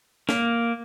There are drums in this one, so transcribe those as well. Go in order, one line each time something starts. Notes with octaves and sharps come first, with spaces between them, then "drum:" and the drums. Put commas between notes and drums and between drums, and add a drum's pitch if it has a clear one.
A#3, drum: snare